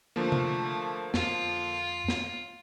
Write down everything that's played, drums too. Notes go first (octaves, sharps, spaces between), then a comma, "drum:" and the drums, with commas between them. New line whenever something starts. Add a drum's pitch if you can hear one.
D3 F3 A3 A#3
drum: tom C3
F2 F4, drum: snare
drum: snare